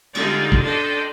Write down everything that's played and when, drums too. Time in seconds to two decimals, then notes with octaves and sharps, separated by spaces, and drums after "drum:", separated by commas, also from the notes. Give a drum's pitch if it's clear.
0.15 D3 G3 G#3 D#4 F4 D5, drum: cymbal
0.52 drum: kick
0.63 D4 A4 D5 D#5 G5 C6